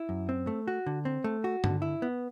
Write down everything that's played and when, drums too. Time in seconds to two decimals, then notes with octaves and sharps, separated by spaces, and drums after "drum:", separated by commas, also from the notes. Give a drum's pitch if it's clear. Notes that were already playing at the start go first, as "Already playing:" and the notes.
Already playing: E4
0.09 F#2
0.29 C4
0.47 A3
0.68 F#4
0.86 D3
1.05 C4
1.24 A3
1.44 F#4
1.64 D3, drum: tom G2
1.82 E4
2.02 B3